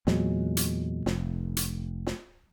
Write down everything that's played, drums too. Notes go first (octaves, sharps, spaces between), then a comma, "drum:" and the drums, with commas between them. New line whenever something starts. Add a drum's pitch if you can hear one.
E2 A#2 F#3 G#3, drum: snare
drum: hi-hat
F1, drum: snare
drum: hi-hat
drum: snare